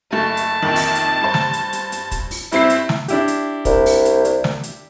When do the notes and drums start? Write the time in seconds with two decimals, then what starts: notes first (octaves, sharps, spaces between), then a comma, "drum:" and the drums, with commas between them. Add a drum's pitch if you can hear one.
0.12 F#1 A3 A5 A6
0.37 drum: hi-hat
0.62 A#1 F2 D#3
0.76 drum: open hi-hat
0.95 drum: hi-hat
1.21 G2 C5
1.34 drum: snare
1.53 drum: hi-hat
1.73 drum: hi-hat
1.92 drum: hi-hat
2.11 drum: kick, hi-hat
2.31 drum: open hi-hat
2.52 G2 C4 E4 C7, drum: hi-hat
2.70 drum: hi-hat
2.89 drum: snare
3.08 D4 E4 G4, drum: hi-hat
3.28 drum: hi-hat
3.65 C2, drum: kick, hi-hat
3.86 drum: open hi-hat
4.05 drum: hi-hat
4.25 drum: hi-hat
4.44 drum: snare
4.63 drum: hi-hat